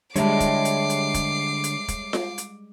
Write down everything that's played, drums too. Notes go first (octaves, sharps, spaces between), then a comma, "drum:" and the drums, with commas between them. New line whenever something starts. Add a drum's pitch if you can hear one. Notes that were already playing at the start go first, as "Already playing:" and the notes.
D3 G3 G#3 C#5 E5 A5 D6 C7, drum: hi-hat
drum: kick, hi-hat
drum: hi-hat
drum: hi-hat
drum: kick, hi-hat
drum: hi-hat
drum: kick, hi-hat
drum: snare F4
drum: hi-hat